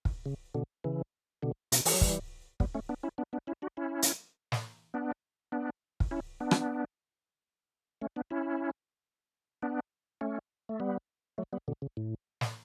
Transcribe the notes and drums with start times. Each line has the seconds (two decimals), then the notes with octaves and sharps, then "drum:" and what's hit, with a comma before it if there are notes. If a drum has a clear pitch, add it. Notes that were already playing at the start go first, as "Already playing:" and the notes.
0.05 drum: kick
0.26 C#3
0.55 B2 D3
0.84 C#3 E3
1.43 B2 D3
1.72 B2, drum: hi-hat
1.85 E3, drum: open hi-hat
1.94 F#3
2.01 E3 G3, drum: kick
2.60 G3 B3, drum: kick
2.74 A3 C#4
2.89 B3 D4
3.03 C#4 E4
3.18 B3 D4
3.33 B3 D4
3.47 C#4 E4
3.62 D4 F#4
3.77 C#4 E4
4.02 drum: hi-hat
4.52 drum: snare
4.94 B3 D4
5.52 B3 D4
6.00 drum: kick
6.11 C#4 E4
6.40 B3 D4
6.51 drum: rim click
8.02 A3 C#4
8.16 B3 D4
8.31 C#4 E4
9.62 B3 D4
10.21 A3 C#4
10.69 A3
10.80 G3 B3
11.38 F#3 A3
11.53 G3 B3
11.68 B2 D3
11.82 C#3
11.97 A2
12.41 drum: snare